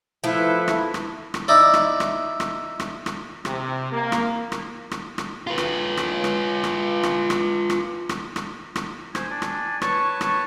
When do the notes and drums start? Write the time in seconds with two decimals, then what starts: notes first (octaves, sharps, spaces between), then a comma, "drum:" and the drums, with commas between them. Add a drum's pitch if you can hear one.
0.24 F3 A3 E4 B4
0.68 drum: rim click
0.94 drum: rim click
1.34 drum: rim click
1.48 D#4 E4 D5
1.74 drum: rim click
2.00 drum: rim click
2.40 drum: rim click
2.80 drum: rim click
3.06 drum: rim click
3.45 C3, drum: rim click
3.92 A#3
4.12 drum: rim click
4.52 drum: rim click
4.91 drum: rim click
5.18 drum: rim click
5.47 F4 B4
5.58 drum: rim click
5.97 drum: rim click
6.24 drum: rim click
6.64 drum: rim click
7.03 drum: rim click
7.30 drum: rim click
7.70 drum: rim click
8.09 drum: rim click
8.36 drum: rim click
8.76 drum: rim click
9.15 C5 G#5, drum: rim click
9.31 D4 D5
9.42 drum: rim click
9.81 B4 C#5 A5 C#6, drum: rim click
10.21 C#6, drum: rim click